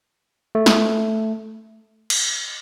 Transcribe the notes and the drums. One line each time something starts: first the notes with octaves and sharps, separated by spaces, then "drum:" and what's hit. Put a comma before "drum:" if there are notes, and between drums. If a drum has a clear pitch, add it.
A3
drum: snare
drum: cymbal